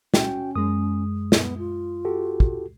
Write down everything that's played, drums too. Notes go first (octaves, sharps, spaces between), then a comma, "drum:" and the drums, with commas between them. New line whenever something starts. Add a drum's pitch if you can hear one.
C#4 F#4 G5, drum: snare
F#2 G#3 D#6
B3, drum: snare
F4
F#4 G4 A4
drum: kick